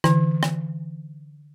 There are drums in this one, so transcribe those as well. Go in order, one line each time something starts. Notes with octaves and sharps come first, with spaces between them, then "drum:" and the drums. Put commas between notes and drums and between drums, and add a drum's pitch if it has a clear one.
D3 E3, drum: rim click
drum: rim click